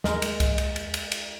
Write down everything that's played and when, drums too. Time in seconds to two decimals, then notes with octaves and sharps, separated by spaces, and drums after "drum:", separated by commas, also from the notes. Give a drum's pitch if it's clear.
0.04 D#2 G#3 A#4, drum: snare
0.22 drum: cymbal
0.40 drum: kick C2, cymbal
0.58 drum: cymbal
0.76 drum: cymbal
0.94 drum: cymbal
1.12 drum: cymbal